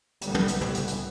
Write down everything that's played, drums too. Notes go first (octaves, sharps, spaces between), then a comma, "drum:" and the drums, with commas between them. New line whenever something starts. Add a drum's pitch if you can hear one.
C2 A2 D3 G3 B3, drum: hi-hat
drum: tom
drum: hi-hat
drum: tom
drum: hi-hat
drum: hi-hat